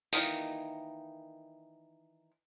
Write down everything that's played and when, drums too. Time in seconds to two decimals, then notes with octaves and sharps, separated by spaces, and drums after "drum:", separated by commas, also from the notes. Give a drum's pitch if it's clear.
0.13 D#3 E3 A#3 D#4, drum: tambourine